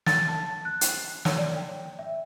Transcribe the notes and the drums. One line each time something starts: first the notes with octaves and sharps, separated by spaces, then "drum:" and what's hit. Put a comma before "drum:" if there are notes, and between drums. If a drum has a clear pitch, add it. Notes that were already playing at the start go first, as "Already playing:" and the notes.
A6, drum: snare
A5
F#6
drum: hi-hat
C#5, drum: snare
D5
G5
E5